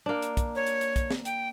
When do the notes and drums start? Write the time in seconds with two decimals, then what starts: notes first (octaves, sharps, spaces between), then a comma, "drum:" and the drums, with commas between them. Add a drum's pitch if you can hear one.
0.06 A#3 D4
0.22 drum: hi-hat
0.37 drum: kick, hi-hat
0.55 C#5
0.66 drum: hi-hat
0.81 drum: hi-hat
0.96 drum: kick, hi-hat
1.11 drum: snare
1.25 G5, drum: hi-hat